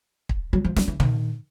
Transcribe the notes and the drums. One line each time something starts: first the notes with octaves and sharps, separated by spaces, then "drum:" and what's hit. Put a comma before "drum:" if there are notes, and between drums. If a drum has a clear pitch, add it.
drum: kick
F#3
F3
F#3, drum: snare
E3
D#3, drum: tom